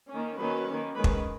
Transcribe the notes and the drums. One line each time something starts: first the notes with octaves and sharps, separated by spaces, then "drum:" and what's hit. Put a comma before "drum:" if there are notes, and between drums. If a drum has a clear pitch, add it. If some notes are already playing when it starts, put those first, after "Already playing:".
D#3 A#3 C#4
D#3 F#3 A#3 C#4 B4
D#3 A#3 C#4
D#3 G#3 C#4 B4
drum: kick